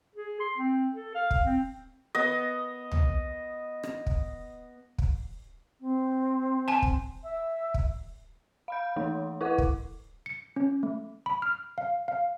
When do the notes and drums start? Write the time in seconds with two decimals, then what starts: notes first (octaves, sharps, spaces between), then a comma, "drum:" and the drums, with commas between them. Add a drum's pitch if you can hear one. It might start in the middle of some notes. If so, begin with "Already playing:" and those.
0.15 G#4
0.40 C6
0.57 C4
0.93 A4
1.14 F5
1.31 drum: kick
1.45 C4
2.15 B3 D#5
2.92 drum: tom B1
3.83 drum: rim click
4.06 drum: kick
4.98 drum: kick
5.80 C4
6.68 G#5 A5
6.82 drum: kick
7.23 E5
7.74 drum: kick
8.68 F5 B5 G6
8.96 E3 A3 D#4
9.41 E4 A4 B4 F#5 C#6 D6
9.58 drum: kick
10.26 C#7
10.56 C#4
10.83 A3
11.26 B5
11.42 F6
11.78 F5
12.08 F5